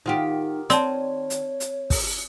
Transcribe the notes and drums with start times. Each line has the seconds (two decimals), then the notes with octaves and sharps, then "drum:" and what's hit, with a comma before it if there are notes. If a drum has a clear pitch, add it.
0.06 D#3 D#4 F4 G4 C5 F#5
0.70 C4 C#5 D5 G5 A5, drum: hi-hat
1.30 drum: hi-hat
1.60 drum: hi-hat
1.90 drum: kick, open hi-hat